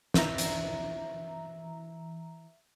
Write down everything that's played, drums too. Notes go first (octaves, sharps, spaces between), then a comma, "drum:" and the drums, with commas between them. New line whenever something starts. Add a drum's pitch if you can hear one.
E3 F#4 B4 E5 A#5, drum: snare
drum: hi-hat